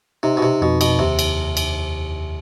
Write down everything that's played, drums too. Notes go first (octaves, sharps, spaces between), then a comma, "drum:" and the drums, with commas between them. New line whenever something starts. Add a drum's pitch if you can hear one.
C3 D#4
B2
C3
F2 B2
B2, drum: cymbal
D#2 C3
drum: cymbal
drum: cymbal